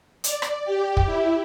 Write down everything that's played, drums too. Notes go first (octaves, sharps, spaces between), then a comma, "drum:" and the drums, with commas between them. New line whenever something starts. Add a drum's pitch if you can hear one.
D5, drum: hi-hat
drum: rim click
G4
drum: kick
E4